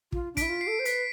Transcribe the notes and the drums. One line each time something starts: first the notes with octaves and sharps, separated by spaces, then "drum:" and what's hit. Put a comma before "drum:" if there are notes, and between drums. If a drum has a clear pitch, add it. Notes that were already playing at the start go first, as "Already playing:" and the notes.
F4, drum: kick
D4
B6 D7, drum: kick, hi-hat
E4
F4
C7
A4
C5
B4 B6, drum: hi-hat